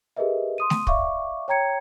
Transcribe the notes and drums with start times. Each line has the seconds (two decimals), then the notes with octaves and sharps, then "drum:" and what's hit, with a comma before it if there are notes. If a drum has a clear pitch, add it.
0.17 G4 G#4 A#4 B4 D#5 E5
0.58 C6 D#6 D#7
0.70 drum: snare A3
0.87 D5 E5 F5 C#6 D6, drum: kick
1.48 C#5 G5 A#5 G#6 C#7